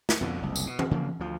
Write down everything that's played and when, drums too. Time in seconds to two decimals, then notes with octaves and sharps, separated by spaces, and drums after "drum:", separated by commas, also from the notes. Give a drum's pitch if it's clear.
0.09 drum: snare
0.21 F2 B2 D3
0.42 F#1 C2
0.56 drum: tambourine
0.67 B2
0.79 drum: tom E3
0.91 C#3 F3 G#3 A#3
1.20 D2 F3